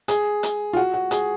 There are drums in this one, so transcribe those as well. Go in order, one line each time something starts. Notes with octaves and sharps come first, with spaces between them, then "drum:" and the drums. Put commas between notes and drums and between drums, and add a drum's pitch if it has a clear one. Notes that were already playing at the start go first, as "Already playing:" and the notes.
G#4, drum: hi-hat
drum: hi-hat
F4
F#4
F#4
G#4, drum: hi-hat